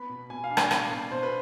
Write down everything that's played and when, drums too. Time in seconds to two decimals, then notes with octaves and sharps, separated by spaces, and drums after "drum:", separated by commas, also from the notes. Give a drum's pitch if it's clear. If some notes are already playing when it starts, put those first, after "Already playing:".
Already playing: B3 B5
0.09 B2
0.30 B2 G#5
0.44 F5
0.50 D4
0.57 D5, drum: rim click
0.71 B2, drum: rim click
0.92 B2
1.11 B2 C5
1.23 B4